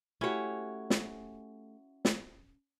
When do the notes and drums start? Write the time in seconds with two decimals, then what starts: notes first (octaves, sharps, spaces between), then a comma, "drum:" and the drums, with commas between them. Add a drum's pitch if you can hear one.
0.21 A3 C#4 E4 F#4 G4 C#5
0.90 drum: snare
2.05 drum: snare